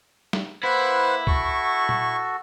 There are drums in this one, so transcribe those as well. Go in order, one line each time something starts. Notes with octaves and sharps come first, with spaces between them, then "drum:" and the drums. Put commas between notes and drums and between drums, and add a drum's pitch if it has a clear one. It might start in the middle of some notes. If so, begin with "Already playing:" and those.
drum: snare
A#3 E4 B4 C5 F#5
F#4 A4 C#6, drum: kick C2
drum: tom A#2